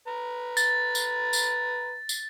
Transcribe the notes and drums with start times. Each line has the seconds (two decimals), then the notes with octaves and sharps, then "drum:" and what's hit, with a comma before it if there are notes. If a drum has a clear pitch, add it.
0.08 B4 A#5
0.57 A6, drum: tambourine
0.95 drum: tambourine
1.33 drum: tambourine
2.09 drum: tambourine